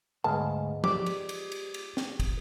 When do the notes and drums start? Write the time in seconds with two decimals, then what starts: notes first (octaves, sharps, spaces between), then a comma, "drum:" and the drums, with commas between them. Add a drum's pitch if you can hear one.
0.24 D2 G#2 G#3 B3 F5 A5
0.84 G4 C5 D5 D6, drum: tom
1.06 drum: cymbal
1.29 drum: cymbal
1.52 drum: cymbal
1.74 drum: cymbal
1.97 drum: snare
2.20 drum: kick, cymbal